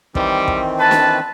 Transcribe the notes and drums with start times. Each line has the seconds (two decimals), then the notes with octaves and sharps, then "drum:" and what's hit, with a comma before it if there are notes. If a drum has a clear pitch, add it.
0.15 D#3 E3 G3 C4, drum: kick
0.48 drum: kick
0.79 B4 A5
0.91 drum: snare